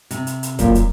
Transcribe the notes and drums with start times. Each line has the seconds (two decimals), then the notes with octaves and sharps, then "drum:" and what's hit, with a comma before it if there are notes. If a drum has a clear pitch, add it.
0.11 C3, drum: hi-hat
0.27 drum: hi-hat
0.43 drum: hi-hat
0.59 F#2 A#2, drum: kick, hi-hat
0.75 drum: hi-hat